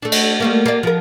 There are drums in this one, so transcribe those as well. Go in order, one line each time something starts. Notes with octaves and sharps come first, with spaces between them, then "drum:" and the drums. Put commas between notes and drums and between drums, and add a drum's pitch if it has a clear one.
A3 D4
drum: cymbal
G3 A3 A#3
A#3 D5
F3 A#4